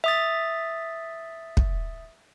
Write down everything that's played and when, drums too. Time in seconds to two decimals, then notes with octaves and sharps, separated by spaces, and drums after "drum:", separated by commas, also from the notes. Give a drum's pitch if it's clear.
0.04 E5 D#6 A6
1.57 drum: kick